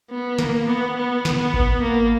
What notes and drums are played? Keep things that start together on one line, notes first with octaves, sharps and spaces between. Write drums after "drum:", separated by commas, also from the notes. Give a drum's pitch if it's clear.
B3
A#3, drum: snare
B3
B3
drum: snare
B3
drum: kick G#1
A#3